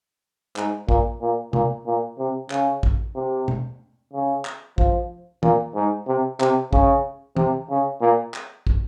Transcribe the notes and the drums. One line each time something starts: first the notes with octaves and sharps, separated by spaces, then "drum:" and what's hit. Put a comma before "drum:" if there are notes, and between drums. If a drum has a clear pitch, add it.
G#2, drum: clap
A#2, drum: kick
A#2
A#2, drum: tom
A#2
C3
C#3, drum: clap
drum: kick
C3
drum: tom
C#3
drum: clap
F3, drum: kick
A#2, drum: tom
G#2
C3
C3, drum: clap
C#3, drum: kick
C3, drum: tom
C#3
A#2
drum: clap
drum: kick